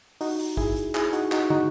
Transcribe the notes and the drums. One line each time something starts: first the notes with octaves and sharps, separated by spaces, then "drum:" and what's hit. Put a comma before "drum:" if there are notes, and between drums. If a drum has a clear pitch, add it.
D#4 F#4, drum: open hi-hat
drum: open hi-hat
E4 G#4, drum: kick
drum: hi-hat
E4 G#4, drum: clap
D#4 F#4, drum: hi-hat
D#4 F#4, drum: clap
D#4 F#4, drum: tom